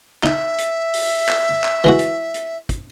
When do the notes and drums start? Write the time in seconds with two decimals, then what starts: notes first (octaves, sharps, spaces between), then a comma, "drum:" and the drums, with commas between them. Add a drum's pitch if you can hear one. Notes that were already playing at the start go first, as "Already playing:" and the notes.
0.23 D#4 E5, drum: clap
0.58 drum: hi-hat
0.94 drum: open hi-hat
1.29 drum: clap
1.64 drum: clap
1.84 E3 G#3 F#4
1.99 drum: hi-hat
2.34 drum: hi-hat
2.69 drum: kick, hi-hat